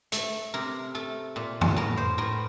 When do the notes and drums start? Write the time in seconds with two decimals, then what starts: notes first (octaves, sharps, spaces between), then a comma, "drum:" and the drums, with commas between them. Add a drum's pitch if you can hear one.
0.12 A3 A4, drum: hi-hat
0.54 C3 A#4
0.95 A3 A4
1.36 A#2
1.61 drum: tom F2
1.76 A2 A#4
1.97 C5
2.18 A2 A#4